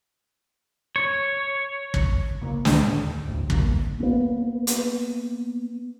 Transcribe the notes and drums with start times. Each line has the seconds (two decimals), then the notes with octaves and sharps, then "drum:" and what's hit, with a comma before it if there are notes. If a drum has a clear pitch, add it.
0.96 C#5
1.94 drum: kick
2.41 C#3 A#3
2.65 C#2 A2, drum: snare
2.83 D#2 D3
3.25 G1 D2 A2
3.50 D2 G3 A#3, drum: kick
4.00 A#3 B3
4.67 drum: hi-hat